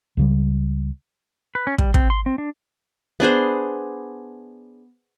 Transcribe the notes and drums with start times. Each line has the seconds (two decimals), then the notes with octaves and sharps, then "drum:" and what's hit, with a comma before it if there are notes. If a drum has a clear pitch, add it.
0.17 C#2 C#3 G3
1.55 B4
1.67 C#4
1.78 G3, drum: kick
1.94 C4, drum: kick
2.10 C6
2.26 C4
2.38 D4
3.20 B3 D4 G#4 C5